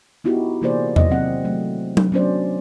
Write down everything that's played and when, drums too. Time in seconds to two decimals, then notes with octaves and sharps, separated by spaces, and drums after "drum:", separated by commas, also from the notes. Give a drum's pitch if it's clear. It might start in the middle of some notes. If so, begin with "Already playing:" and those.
0.24 B3 D#4 E4 F#4 G4
0.61 C3 E3 A#3 G#4 C5 D5
0.96 D#5, drum: tom E2
1.09 C3 D#3 F#3 C4 F#5
1.45 F#3 A3
1.97 drum: tom F#3
2.12 F#3 B3 C#4 D4 C5 D5